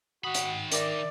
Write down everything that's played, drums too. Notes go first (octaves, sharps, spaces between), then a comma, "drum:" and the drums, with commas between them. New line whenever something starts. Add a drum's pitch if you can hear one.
D#3 F#4 B5 D#6
drum: hi-hat
A#4 D5 E5 D6 A#6, drum: hi-hat